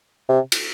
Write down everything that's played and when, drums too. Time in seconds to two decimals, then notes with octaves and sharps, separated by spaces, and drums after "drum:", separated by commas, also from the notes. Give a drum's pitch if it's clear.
0.29 C3
0.52 drum: cymbal